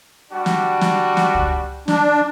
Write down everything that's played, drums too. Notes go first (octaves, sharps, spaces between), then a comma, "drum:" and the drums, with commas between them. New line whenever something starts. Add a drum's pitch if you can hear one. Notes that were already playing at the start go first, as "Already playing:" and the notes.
G3 D4 F#4
drum: snare
drum: snare
drum: snare
drum: kick C#2
D4, drum: snare